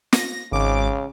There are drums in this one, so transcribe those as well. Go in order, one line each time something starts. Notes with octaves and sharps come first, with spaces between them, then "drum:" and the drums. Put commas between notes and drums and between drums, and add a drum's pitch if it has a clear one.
A#6, drum: snare
G#1 C#3 D6